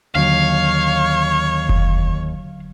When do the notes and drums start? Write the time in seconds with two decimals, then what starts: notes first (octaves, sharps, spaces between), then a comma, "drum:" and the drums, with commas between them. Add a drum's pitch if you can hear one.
0.15 D#2 D3 F#3 C#5 F5
1.69 drum: kick F1